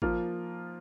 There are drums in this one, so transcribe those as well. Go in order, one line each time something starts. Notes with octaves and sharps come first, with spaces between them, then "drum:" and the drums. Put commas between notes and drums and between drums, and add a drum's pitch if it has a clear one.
F3 A#3 F4 A#4, drum: kick G#1